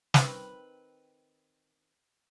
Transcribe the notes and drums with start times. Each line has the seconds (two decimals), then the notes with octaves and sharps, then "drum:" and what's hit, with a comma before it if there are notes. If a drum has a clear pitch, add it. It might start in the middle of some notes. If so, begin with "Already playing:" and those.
0.14 D#3 C4 B4, drum: snare